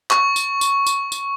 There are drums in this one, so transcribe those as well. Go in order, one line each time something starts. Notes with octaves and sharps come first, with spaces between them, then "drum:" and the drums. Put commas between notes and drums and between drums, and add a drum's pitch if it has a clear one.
C#6, drum: clap
drum: tambourine
drum: tambourine
drum: tambourine
drum: tambourine